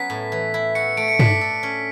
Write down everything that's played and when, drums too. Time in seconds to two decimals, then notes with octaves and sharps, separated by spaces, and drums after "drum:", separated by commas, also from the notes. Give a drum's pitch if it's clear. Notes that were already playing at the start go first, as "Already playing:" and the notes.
Already playing: F#3 B3 C#4 B6
0.10 A2
0.32 E3
0.54 E4
0.75 F#4 C#7
0.97 A3 D7
1.08 C#7
1.19 D4 B6, drum: tom
1.41 A4
1.63 C#4